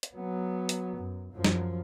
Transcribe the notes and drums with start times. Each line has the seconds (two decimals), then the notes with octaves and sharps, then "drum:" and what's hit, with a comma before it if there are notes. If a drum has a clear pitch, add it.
0.03 drum: hi-hat
0.16 F#3 B3
0.69 drum: hi-hat
0.98 F#2
1.32 F#2 F3
1.45 drum: snare